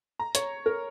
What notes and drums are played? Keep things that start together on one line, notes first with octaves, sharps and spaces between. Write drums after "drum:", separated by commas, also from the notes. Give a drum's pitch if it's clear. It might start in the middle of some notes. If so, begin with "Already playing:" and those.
A#5
C#5, drum: hi-hat
A#4